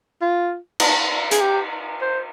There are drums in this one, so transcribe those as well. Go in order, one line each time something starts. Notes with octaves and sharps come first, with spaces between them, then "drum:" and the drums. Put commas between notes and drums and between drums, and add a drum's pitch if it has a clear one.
F4
drum: cymbal
G#4, drum: hi-hat
G4
C5